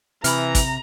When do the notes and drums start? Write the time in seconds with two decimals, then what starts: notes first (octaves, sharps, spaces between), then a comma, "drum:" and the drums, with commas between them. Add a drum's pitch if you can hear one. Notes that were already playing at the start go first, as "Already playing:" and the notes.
0.24 C3 E3 A#5 B5 F6, drum: hi-hat
0.55 drum: kick, hi-hat